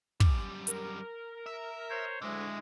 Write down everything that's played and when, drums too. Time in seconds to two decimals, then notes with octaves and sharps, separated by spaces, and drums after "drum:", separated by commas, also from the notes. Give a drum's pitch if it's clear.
0.20 F#2 G3, drum: kick
0.67 A#4, drum: hi-hat
1.46 E5
1.90 C5 C#5
2.22 D2 D3 F#3 G#3 E4